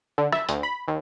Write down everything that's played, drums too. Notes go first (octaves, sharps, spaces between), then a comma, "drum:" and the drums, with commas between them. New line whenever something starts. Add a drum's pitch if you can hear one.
D3
E5, drum: rim click
D2, drum: hi-hat
B5
D#2